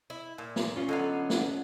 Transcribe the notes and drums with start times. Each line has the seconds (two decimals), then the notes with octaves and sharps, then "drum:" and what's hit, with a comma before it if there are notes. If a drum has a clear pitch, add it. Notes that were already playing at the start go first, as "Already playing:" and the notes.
0.10 E4
0.38 A#2
0.56 drum: snare
0.76 C#4 F4
0.89 D3 F#3 B3 D#5 F5
1.30 drum: snare